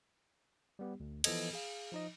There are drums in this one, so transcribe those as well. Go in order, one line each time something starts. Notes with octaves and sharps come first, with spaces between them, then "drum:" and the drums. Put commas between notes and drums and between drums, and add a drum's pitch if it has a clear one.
G3 B3 G4
D2
E3 F3 B3 A4 D#5 G#6, drum: cymbal
G#4 F5
F3 D#4 D#5